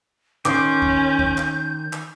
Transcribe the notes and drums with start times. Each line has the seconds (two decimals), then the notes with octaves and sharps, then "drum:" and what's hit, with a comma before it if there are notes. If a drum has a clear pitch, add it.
0.45 D#3 C#4 C6 D6 G6, drum: clap
0.82 drum: kick
1.19 drum: kick
1.38 drum: clap
1.93 drum: clap